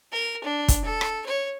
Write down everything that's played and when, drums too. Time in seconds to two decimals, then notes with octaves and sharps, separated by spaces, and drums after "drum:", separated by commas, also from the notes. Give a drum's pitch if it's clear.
0.12 A#4
0.44 D4
0.68 drum: kick, hi-hat
0.85 A4
1.01 drum: rim click
1.26 C#5